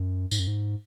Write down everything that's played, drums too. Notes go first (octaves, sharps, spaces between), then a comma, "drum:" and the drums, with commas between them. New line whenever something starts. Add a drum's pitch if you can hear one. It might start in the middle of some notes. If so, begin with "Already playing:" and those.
Already playing: F#2
G#2, drum: tambourine
F#2
G#2